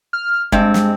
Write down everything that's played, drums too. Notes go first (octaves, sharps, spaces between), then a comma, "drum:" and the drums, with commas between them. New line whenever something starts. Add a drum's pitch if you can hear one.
F6
G2 G#3 C4, drum: kick F#1
drum: snare